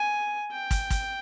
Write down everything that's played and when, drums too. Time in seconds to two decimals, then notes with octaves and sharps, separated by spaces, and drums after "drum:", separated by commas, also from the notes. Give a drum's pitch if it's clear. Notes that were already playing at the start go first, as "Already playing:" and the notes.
Already playing: G#5
0.51 G5
0.71 drum: kick, hi-hat
0.90 drum: kick, hi-hat